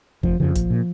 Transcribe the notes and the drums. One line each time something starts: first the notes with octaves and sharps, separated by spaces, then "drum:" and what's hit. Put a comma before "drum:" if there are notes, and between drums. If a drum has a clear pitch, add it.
F1 F3, drum: kick G1
F2 C#3 F3
A#1, drum: kick G1, hi-hat
A#2